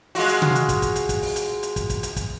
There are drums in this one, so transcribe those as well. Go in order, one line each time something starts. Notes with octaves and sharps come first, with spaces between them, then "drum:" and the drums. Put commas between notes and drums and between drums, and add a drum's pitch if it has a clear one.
G#3 F4 F#4, drum: open hi-hat
drum: hi-hat
drum: tom C3
drum: hi-hat
drum: kick, hi-hat
drum: kick, hi-hat
drum: hi-hat
drum: kick, hi-hat
drum: open hi-hat
drum: hi-hat
drum: hi-hat
drum: kick, hi-hat
drum: kick, hi-hat
drum: hi-hat
drum: kick, hi-hat